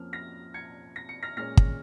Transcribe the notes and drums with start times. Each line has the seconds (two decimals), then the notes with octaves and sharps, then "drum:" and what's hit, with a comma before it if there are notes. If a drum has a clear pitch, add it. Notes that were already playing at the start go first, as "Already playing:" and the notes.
Already playing: F2 F3 A#3 C#4 F6
0.13 F6 A#6
0.54 G#6 C#7
0.96 A#6
1.09 C#7
1.23 F6 A#6
1.37 A#2 G#3 C#4 F6 A#6
1.57 drum: kick